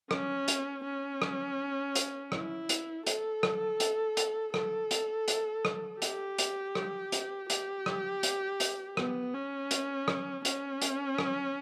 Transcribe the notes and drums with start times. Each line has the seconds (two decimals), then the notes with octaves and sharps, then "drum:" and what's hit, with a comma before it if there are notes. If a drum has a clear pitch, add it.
0.11 C#4, drum: rim click
0.48 drum: hi-hat
0.84 C#4
1.22 drum: rim click
1.95 drum: hi-hat
2.32 E4, drum: rim click
2.69 drum: hi-hat
3.07 A4, drum: hi-hat
3.43 drum: rim click
3.80 drum: hi-hat
4.17 drum: hi-hat
4.54 A4, drum: rim click
4.91 drum: hi-hat
5.28 drum: hi-hat
5.65 drum: rim click
6.02 G4, drum: hi-hat
6.38 drum: hi-hat
6.75 drum: rim click
7.12 drum: hi-hat
7.50 G4, drum: hi-hat
7.86 drum: rim click
8.23 drum: hi-hat
8.60 drum: hi-hat
8.97 B3, drum: rim click
9.34 C#4
9.71 drum: hi-hat
10.08 drum: rim click
10.45 C#4, drum: hi-hat
10.82 drum: hi-hat
11.18 drum: rim click